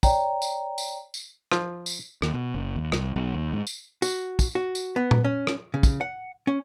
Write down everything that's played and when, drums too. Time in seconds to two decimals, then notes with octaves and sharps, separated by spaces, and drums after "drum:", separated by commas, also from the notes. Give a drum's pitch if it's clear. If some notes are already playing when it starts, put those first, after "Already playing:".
0.03 C#5 D5 G5 A#5, drum: kick, tambourine
0.42 drum: tambourine
0.78 drum: tambourine
1.14 drum: tambourine
1.52 F3, drum: rim click
1.86 drum: tambourine
2.22 D#2, drum: rim click
2.34 B2
2.54 F#1
2.76 D#2
2.92 C2, drum: rim click
3.16 B1
3.34 D#2
3.53 G#2
3.67 drum: tambourine
4.02 F#4, drum: tambourine
4.39 drum: kick, tambourine
4.55 F#4
4.75 drum: tambourine
4.96 B3
5.11 drum: tom
5.24 C#4
5.47 drum: rim click
5.74 C#3
5.83 drum: kick, tambourine
6.01 F#5
6.47 C#4